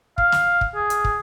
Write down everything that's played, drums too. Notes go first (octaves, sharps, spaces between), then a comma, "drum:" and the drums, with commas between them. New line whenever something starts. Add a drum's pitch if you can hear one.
F5, drum: kick
drum: snare
drum: kick
G#4
drum: hi-hat
drum: kick